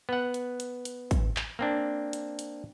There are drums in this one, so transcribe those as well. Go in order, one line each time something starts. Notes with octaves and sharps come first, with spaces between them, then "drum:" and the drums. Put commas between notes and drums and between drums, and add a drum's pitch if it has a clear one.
B3 F#5
drum: hi-hat
drum: hi-hat
drum: hi-hat
drum: kick, hi-hat
drum: clap
A#3 C4 D4
drum: hi-hat
drum: hi-hat